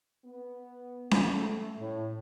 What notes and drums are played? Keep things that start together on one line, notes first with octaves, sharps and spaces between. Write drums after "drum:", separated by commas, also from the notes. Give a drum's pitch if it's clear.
B3
A3, drum: snare C#4
A2